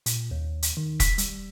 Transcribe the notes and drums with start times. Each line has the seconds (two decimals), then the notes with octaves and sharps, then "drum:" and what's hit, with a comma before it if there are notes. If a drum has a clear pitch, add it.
0.06 A#2, drum: hi-hat
0.31 D#2
0.63 drum: hi-hat
0.77 D#3
1.00 B6, drum: kick E1, hi-hat
1.18 G3, drum: hi-hat